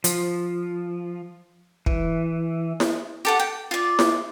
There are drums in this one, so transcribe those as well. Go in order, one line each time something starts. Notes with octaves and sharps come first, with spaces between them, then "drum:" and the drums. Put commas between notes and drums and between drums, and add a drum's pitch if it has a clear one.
F3, drum: hi-hat
E3, drum: kick
drum: snare E4
G4 A4 F#5
G5
F4 D5
drum: snare E4